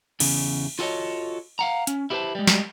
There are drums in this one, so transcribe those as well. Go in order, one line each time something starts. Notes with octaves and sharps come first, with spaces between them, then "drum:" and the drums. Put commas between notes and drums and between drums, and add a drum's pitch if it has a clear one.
E2 C#3, drum: cymbal
F4 F#4 A4 B4 C#5 D#5
F5 F#5 A#5
C#4, drum: hi-hat
E4 G4 G#4 B4 C5 A5
G3 G#3
drum: snare